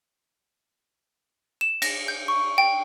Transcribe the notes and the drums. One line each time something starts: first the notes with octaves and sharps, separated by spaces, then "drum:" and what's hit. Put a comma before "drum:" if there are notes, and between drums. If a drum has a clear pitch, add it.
E7
A#6, drum: cymbal
G6
C#6
G5